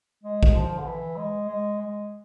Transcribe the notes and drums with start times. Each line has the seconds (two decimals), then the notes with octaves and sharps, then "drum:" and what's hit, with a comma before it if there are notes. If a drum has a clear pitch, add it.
0.23 G#3
0.43 drum: kick A#1
0.55 F3
0.78 D3
0.86 E3
1.16 G#3
1.48 G#3
1.79 G#3